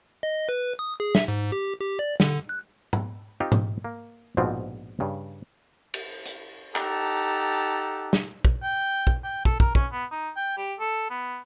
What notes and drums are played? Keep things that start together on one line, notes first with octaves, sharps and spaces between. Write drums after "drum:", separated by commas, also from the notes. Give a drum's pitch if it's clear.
D#5
B4
D#6
G#4
E5, drum: snare
G#2
G4
G4
D5
D3, drum: snare
F#6
drum: tom G#2
C4 D#4 F4 G4
drum: tom G#2
A#3
A#1 G#2 B2 F3 C4
G2 C#3
drum: cymbal
drum: hi-hat
D#4 G4 A4 F#5 A5 A#5, drum: clap
drum: snare
drum: kick
G5
drum: kick
G5
A4, drum: kick
A#4, drum: kick
C#4, drum: kick
B3
D#4
G5
G4
A4
B3